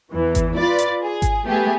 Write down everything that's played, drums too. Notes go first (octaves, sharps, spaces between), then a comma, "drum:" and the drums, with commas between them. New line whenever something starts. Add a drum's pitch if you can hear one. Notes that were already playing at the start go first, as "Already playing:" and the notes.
E2 E3
drum: kick G#1, hi-hat
F4 B4 D5
drum: hi-hat
G#4
drum: kick G#1, hi-hat
A3 B3 G4 G#4